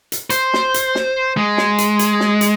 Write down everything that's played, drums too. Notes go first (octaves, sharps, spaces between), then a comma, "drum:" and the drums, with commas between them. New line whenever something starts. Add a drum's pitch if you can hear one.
drum: hi-hat
C5, drum: hi-hat
drum: snare
drum: hi-hat
drum: snare
G#3
drum: snare
drum: hi-hat
drum: hi-hat
drum: snare
drum: hi-hat